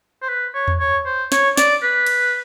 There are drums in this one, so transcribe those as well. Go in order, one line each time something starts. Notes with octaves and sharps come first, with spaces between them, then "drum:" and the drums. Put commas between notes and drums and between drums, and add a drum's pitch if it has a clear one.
C5
B4
C#5
drum: tom E2
C#5
C5
C#5, drum: snare
D5, drum: snare
B4
drum: cymbal